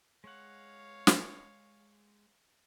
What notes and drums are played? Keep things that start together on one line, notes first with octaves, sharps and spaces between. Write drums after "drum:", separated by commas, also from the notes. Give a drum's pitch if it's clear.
G#3 C#5 F5 F#5
drum: snare